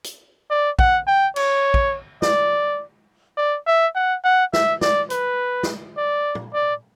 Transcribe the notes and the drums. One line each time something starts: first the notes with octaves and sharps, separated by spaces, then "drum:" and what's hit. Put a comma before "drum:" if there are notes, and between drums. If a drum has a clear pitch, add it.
drum: hi-hat
D5
F#5, drum: kick
G5
C#5, drum: cymbal
drum: kick
D5, drum: snare
D5
E5
F#5
F#5
E5, drum: snare
D5, drum: snare
B4, drum: hi-hat
drum: snare
D5
drum: tom A2
D5